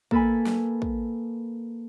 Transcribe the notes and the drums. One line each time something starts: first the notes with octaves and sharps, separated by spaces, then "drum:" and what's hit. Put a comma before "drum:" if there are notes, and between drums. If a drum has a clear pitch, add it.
A#3 A4 B4 G#5 B5, drum: kick
drum: snare
drum: kick